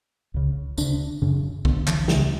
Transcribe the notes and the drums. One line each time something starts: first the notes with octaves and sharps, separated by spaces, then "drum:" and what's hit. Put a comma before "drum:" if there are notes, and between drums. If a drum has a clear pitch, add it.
C#2 C#3
D2 C#3 D4, drum: tambourine
F#2 C#3
D2 D3 B3, drum: kick B1
E3, drum: clap
D2 C#3 E3, drum: snare